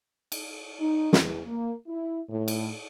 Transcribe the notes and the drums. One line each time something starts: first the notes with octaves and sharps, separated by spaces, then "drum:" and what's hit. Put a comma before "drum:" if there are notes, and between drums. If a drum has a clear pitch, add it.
drum: cymbal
D#4
E2, drum: snare
A#3
E4
A2
drum: cymbal